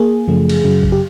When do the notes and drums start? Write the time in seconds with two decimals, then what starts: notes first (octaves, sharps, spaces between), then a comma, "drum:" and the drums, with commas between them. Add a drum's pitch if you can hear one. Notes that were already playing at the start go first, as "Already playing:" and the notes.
Already playing: A#3 G#4
0.28 F#2 C#3 F3 A3
0.49 drum: cymbal
0.64 F#2 C#3 F#3
0.83 drum: kick A1
0.92 G4